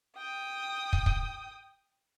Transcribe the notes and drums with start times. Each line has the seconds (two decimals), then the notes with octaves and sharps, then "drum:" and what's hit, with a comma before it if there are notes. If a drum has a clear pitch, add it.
0.17 G5 D#6
0.93 drum: kick
1.06 drum: kick